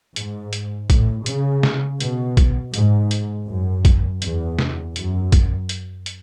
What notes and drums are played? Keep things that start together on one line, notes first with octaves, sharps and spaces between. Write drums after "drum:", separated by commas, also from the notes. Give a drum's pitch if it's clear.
G#2, drum: hi-hat
drum: hi-hat
A2, drum: kick, hi-hat
C#3, drum: hi-hat
drum: snare
B2, drum: hi-hat
drum: kick, hi-hat
G#2, drum: hi-hat
drum: hi-hat
F#2
drum: kick, hi-hat
E2, drum: hi-hat
drum: snare
F#2, drum: hi-hat
drum: kick, hi-hat
drum: hi-hat
drum: hi-hat